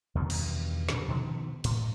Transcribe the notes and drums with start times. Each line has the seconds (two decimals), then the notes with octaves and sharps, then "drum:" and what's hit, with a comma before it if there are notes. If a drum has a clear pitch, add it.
0.15 E2 G2 B2 D#3
0.30 drum: cymbal
0.89 A#2 D3 F#3 C#4, drum: snare
1.08 B2 D#3 F3
1.64 A2, drum: cymbal